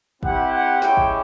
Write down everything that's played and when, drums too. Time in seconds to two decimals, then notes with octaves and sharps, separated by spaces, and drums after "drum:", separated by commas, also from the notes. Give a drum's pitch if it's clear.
0.23 C4 E4 G4 F#5, drum: kick
0.53 F#5
0.82 G#3 C#4 E4 G4 G5, drum: snare
0.97 drum: kick